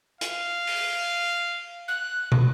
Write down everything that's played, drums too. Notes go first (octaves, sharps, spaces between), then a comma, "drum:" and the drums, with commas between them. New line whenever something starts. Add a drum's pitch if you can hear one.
F5, drum: hi-hat
drum: open hi-hat
F#6
drum: tom